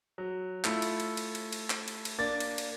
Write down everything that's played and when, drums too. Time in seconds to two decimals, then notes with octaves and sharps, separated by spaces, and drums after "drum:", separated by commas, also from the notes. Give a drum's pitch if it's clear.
0.18 F#3
0.65 A3 E4 F4, drum: clap
0.82 drum: cymbal
1.00 drum: cymbal
1.17 drum: cymbal
1.35 drum: cymbal
1.53 drum: cymbal
1.70 drum: clap
1.88 drum: cymbal
2.05 drum: cymbal
2.18 A#3 D4 A6
2.40 drum: cymbal
2.58 drum: cymbal